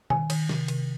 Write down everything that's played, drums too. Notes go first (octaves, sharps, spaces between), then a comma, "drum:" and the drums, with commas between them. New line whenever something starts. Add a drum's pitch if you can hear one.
D#3 G#5, drum: tom B2
D#3, drum: cymbal
C3, drum: snare
C3, drum: cymbal